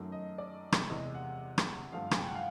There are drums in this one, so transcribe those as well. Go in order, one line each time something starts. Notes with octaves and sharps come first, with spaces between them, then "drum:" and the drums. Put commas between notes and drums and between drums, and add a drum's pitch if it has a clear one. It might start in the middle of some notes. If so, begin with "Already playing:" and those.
Already playing: F#2 D#3 F#3 A3
D#5
D5
drum: rim click
E2 C3 E3 G#3 D#5
F#5
drum: rim click
G2 D3 F3 A3 F5
G#5, drum: rim click
G5
F#5
F5